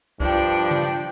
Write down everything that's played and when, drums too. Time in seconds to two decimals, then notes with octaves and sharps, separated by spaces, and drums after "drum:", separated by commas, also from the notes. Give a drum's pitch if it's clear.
0.20 G2 F3 D4 G5, drum: kick
0.71 drum: tom C#3